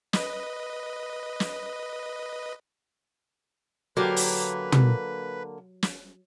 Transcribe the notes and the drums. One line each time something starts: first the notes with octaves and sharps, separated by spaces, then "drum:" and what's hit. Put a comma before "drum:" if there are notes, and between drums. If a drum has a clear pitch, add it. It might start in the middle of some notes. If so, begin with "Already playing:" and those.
B4 D#5, drum: snare
drum: snare
D3 F#3 A#3 G4 A#4 B4
drum: open hi-hat
drum: tom
drum: snare